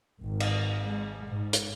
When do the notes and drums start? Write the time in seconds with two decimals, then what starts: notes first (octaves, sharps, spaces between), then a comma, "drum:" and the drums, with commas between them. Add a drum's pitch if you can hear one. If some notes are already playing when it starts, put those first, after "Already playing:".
0.21 G#1
0.40 drum: cymbal
0.81 G#3
1.28 G#2
1.53 drum: hi-hat